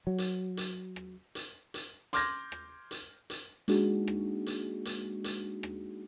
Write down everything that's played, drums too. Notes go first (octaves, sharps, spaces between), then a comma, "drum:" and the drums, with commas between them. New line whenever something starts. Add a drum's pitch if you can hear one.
F#3
drum: hi-hat
drum: hi-hat
drum: rim click
drum: hi-hat
drum: hi-hat
C6 D6 F6 G6 G#6 A#6, drum: hi-hat
drum: rim click
drum: hi-hat
drum: hi-hat
G#3 A#3 D4 D#4 F#4 G#4, drum: hi-hat
drum: rim click
drum: hi-hat
drum: hi-hat
drum: hi-hat
drum: rim click